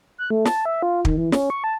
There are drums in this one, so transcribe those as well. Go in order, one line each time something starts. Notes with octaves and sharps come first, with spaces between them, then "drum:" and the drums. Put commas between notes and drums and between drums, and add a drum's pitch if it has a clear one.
F#6
A3
A5, drum: snare
E5
F4
D#3, drum: kick
E3
C#4, drum: snare
C#6
A5